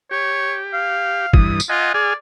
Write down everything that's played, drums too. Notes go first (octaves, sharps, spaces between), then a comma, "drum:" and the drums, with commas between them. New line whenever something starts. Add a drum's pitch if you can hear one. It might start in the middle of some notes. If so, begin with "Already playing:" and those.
G4 C#5
F5
G2 E3 D#6, drum: kick
drum: tambourine
F4 D#5 F#5 G#5
G#4 D5 G#5 F6